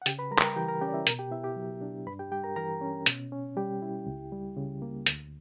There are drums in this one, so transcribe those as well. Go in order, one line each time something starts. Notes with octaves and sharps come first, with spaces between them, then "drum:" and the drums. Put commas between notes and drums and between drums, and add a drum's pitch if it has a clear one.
F#5
C#3 G4 G5, drum: hi-hat
B4 B5
G3 A#4 A#5
G5, drum: clap
A#4 A#5
E3 G4 G5
A#4 A#5
C#4 G4 G5
D5
E4 E5
B2 A#4 A#5, drum: hi-hat
G4 G5
B3 E4 E5
G4 G5
F#3
D4
G2 B4 B5
G4 G5
G3 G4 G5
A#4 A#5
E3 A#4 A#5
C#4
B2, drum: hi-hat
C#4
G3 G4 G5
E4
C#2
G3
C#3
A#3
D2, drum: hi-hat